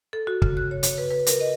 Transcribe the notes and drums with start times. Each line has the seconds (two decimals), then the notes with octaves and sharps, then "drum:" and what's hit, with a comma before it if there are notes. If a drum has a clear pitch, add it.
0.13 A4
0.27 F#4
0.42 C#3, drum: kick
0.57 F#6
0.71 C#5
0.83 C#5, drum: hi-hat
0.98 B4
1.10 B4
1.26 A#4, drum: hi-hat
1.40 D#5